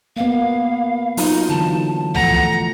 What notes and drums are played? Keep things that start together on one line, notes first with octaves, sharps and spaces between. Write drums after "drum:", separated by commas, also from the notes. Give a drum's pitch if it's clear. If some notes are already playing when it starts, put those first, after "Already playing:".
A#3 B3 F5
F#3 D#4 F4, drum: open hi-hat
D3 E3 F#3 A5
E3 F3 A3 F#5 A#5, drum: tom C2